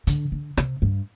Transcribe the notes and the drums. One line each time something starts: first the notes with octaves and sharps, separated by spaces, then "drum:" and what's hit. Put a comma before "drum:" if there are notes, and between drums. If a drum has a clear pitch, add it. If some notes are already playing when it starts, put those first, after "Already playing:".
D3, drum: hi-hat
D3
C3, drum: rim click
G2